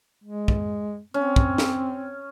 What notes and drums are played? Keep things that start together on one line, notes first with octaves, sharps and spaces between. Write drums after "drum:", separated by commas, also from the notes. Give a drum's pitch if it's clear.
G#3
drum: kick
C4 C#4
drum: kick
drum: snare